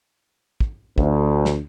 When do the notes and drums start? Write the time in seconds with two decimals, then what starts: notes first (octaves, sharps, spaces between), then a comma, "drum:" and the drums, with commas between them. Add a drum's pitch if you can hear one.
0.60 drum: kick
0.98 D2, drum: kick
1.45 drum: snare